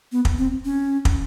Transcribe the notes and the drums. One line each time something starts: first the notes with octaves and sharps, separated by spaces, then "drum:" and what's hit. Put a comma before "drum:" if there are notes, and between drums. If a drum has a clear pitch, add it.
B3
drum: kick
C4
C#4
drum: kick